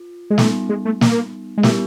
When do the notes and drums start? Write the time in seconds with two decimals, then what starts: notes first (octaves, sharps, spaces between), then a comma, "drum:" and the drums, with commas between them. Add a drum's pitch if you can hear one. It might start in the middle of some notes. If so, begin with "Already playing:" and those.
Already playing: F4
0.30 G#3
0.38 G3 A3 B3 D#4, drum: snare
0.69 G#3
0.85 A3
1.01 A#3, drum: snare
1.58 G#3
1.63 G3 A3 B3 E4 G4 A#4, drum: snare